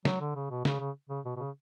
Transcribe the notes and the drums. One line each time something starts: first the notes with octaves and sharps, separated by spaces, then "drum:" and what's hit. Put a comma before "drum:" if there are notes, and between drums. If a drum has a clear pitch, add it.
F#3, drum: snare
D3
C#3
B2
C#3, drum: snare
C#3
C#3
B2
B2
C#3